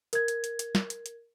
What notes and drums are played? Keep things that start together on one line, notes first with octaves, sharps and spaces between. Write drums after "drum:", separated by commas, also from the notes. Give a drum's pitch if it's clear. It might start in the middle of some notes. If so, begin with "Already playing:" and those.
A#4 G#6, drum: hi-hat
drum: hi-hat
drum: hi-hat
drum: hi-hat
drum: snare
drum: hi-hat
drum: hi-hat